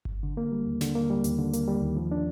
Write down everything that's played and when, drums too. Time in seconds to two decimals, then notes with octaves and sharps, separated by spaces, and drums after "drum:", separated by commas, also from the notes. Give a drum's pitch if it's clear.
0.05 drum: kick G1
0.23 D3
0.37 A#3
0.52 G3
0.66 D#2
0.81 D3, drum: snare
0.95 A#3
1.10 G3
1.24 D#2, drum: hi-hat
1.39 D3
1.53 A#3, drum: hi-hat
1.68 G3
1.83 D#2
1.96 F3
2.12 D4